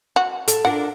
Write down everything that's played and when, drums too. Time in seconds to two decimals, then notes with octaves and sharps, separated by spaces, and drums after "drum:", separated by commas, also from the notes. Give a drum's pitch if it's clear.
0.16 F#4
0.48 A4, drum: hi-hat
0.65 D4 F4 A#4 F#5